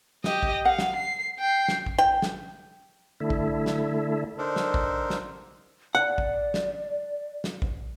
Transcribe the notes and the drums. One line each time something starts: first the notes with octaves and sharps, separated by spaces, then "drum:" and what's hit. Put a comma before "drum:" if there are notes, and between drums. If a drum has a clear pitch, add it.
G4 D#5, drum: snare
drum: kick A1
F5 F#5
drum: snare
C7
G5 C7
drum: snare
drum: kick A1
G5
drum: snare
D3 A3 E4
drum: kick A1
drum: snare
D3 D4 D#4 A4 A#4 C5
drum: snare
drum: kick A1
drum: snare
D5 F#5
drum: kick A1
drum: snare
drum: snare
drum: kick A1